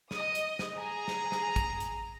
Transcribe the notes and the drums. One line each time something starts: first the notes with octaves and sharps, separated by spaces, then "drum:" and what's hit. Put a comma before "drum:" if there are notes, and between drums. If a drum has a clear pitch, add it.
D#5 D#6, drum: snare
drum: hi-hat
drum: snare
G#4 A#5
drum: snare
drum: snare
drum: kick, hi-hat
drum: hi-hat